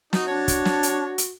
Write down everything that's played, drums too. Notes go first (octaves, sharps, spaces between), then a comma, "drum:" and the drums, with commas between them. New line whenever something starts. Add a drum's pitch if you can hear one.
D#4 F#4, drum: snare
D4 C#5 A5
drum: kick, hi-hat
drum: snare
drum: hi-hat
drum: hi-hat